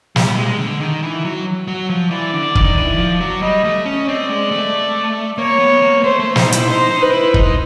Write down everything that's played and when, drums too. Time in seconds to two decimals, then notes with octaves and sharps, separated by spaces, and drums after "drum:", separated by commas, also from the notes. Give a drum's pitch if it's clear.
0.16 G3, drum: snare
0.36 G#3
0.58 D3
0.81 D#3
1.02 E3
1.25 F#3
1.68 F#3
1.89 F3
2.11 E3 D5
2.34 D3
2.55 D#3, drum: kick
2.77 E3
2.98 F3
3.20 F#3
3.42 G3 D#5
3.64 A3
3.86 C#4
4.08 C4 D5
4.30 G#3
4.51 A3
5.38 A#3 C#5
5.60 B3
5.82 A#3
6.03 A3 C5
6.20 A3
6.36 D#4 C5, drum: snare
6.52 E4, drum: hi-hat
6.69 D#4 C5
6.90 D#4
7.02 B4
7.12 E4
7.34 D#4, drum: kick